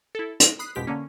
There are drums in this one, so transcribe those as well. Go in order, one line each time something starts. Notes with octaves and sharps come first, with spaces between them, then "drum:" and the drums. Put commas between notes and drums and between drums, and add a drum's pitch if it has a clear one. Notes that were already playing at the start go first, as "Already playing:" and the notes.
E4 A4
A#6, drum: hi-hat
B5 D#6 F#6 C7
A1 F2 B2 G#3 G4 B6
D3 A#3 C#4